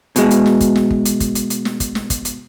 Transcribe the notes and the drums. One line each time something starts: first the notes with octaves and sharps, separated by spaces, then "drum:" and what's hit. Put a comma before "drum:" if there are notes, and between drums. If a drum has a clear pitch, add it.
B2 G#3, drum: hi-hat
drum: hi-hat
drum: snare
drum: kick, hi-hat
drum: snare
drum: kick
drum: hi-hat
drum: kick, hi-hat
drum: hi-hat
drum: hi-hat
drum: snare
drum: kick, hi-hat
drum: snare
drum: kick, hi-hat
drum: hi-hat